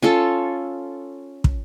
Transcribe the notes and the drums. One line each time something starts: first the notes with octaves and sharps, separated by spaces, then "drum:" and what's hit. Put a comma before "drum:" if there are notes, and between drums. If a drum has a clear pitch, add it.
C#4 F4 A4
drum: kick